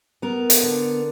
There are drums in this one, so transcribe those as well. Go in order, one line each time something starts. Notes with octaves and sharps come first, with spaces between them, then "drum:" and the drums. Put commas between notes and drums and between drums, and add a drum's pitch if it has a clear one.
B3 A#4
drum: hi-hat
D3